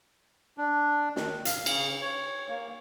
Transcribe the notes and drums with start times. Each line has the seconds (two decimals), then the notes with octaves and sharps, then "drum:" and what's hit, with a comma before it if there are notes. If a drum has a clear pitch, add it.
0.58 D4
1.16 D#3, drum: snare
1.45 F5, drum: hi-hat
1.66 C#3, drum: cymbal
2.01 C#5
2.49 A#3